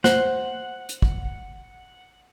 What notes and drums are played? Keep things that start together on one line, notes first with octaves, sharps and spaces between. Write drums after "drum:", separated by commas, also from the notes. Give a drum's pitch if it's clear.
C5 F#5, drum: snare
drum: hi-hat
drum: kick